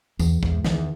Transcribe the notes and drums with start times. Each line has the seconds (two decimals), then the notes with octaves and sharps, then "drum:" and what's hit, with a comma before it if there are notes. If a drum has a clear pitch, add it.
0.19 E2, drum: tambourine
0.43 E2 G#2, drum: kick
0.64 E2 D#3, drum: snare